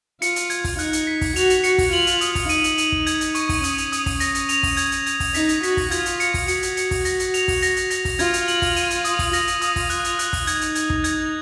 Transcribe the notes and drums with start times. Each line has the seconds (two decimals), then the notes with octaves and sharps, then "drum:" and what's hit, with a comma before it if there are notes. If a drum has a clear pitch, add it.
0.22 F4 C#7, drum: hi-hat
0.36 drum: hi-hat
0.50 G#6, drum: hi-hat
0.64 drum: kick, open hi-hat
0.79 D#4 F#6, drum: hi-hat
0.93 drum: hi-hat
1.07 B6
1.21 drum: kick, open hi-hat
1.36 F#4 F7, drum: hi-hat
1.50 drum: hi-hat
1.64 F#4 C#7, drum: hi-hat
1.78 drum: kick, open hi-hat
1.92 F4 F#7
2.07 drum: hi-hat
2.21 D#6, drum: hi-hat
2.35 drum: kick, open hi-hat
2.49 D#4 D#7, drum: hi-hat
2.64 drum: hi-hat
2.78 D#7, drum: hi-hat
2.92 drum: kick
3.07 G#6, drum: hi-hat
3.21 drum: hi-hat
3.35 C#6, drum: hi-hat
3.49 drum: kick, open hi-hat
3.64 C#4 D#6, drum: hi-hat
3.78 drum: hi-hat
3.92 D#6, drum: hi-hat
4.06 drum: kick, open hi-hat
4.20 A#6, drum: hi-hat
4.35 drum: hi-hat
4.49 F7, drum: hi-hat
4.63 drum: kick, open hi-hat
4.77 G#6, drum: hi-hat
4.92 drum: hi-hat
5.06 G#6, drum: hi-hat
5.20 drum: kick, open hi-hat
5.34 D#4 B6, drum: hi-hat
5.49 drum: hi-hat
5.63 F#4 B6, drum: hi-hat
5.77 drum: kick, open hi-hat
5.91 F4 G#6, drum: hi-hat
6.06 drum: hi-hat
6.20 C#7, drum: hi-hat
6.34 drum: kick, open hi-hat
6.48 F#4 C#7, drum: hi-hat
6.63 drum: hi-hat
6.77 C#7, drum: hi-hat
6.91 drum: kick, open hi-hat
7.05 A#6, drum: hi-hat
7.20 drum: hi-hat
7.34 F7, drum: hi-hat
7.48 drum: kick, open hi-hat
7.62 A#6, drum: hi-hat
7.77 drum: hi-hat
7.90 A#6, drum: hi-hat
8.05 drum: kick, open hi-hat
8.19 F4 G#6, drum: hi-hat
8.33 drum: hi-hat
8.48 F#7, drum: hi-hat
8.62 drum: kick, open hi-hat
8.76 D#7, drum: hi-hat
8.90 drum: hi-hat
9.05 D#6, drum: hi-hat
9.19 drum: kick, open hi-hat
9.33 F4 A#6, drum: hi-hat
9.47 drum: hi-hat
9.62 D#6, drum: hi-hat
9.76 drum: kick, open hi-hat
9.90 F#6, drum: hi-hat
10.04 drum: hi-hat
10.19 F#6, drum: hi-hat
10.33 drum: kick, open hi-hat
10.47 D#4 G#6, drum: hi-hat
10.61 drum: hi-hat
10.75 G#6, drum: hi-hat
10.90 drum: kick
11.04 G#6, drum: hi-hat